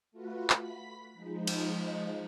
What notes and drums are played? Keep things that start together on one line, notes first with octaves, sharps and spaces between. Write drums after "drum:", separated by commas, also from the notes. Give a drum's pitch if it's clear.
A3 F4 F#4 B4
B5 B6, drum: clap
F3 G#3 D#4
drum: cymbal